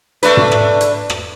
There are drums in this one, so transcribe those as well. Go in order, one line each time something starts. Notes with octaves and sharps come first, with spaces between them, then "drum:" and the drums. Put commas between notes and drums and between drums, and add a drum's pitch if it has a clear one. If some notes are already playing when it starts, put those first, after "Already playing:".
A3 D4 B4, drum: hi-hat
drum: tom
drum: rim click
drum: hi-hat
drum: rim click